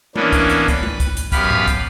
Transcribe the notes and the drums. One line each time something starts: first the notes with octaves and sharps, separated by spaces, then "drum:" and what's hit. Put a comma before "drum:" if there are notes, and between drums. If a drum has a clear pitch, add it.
E3 A#3 B3 C#4 D4, drum: tom G#3
drum: kick, hi-hat
drum: hi-hat
B4, drum: kick, hi-hat
drum: tom G#3
drum: kick, hi-hat
drum: hi-hat
F#2 B3 G4 B4 F5 B5, drum: kick, hi-hat
drum: tom G2
drum: kick, hi-hat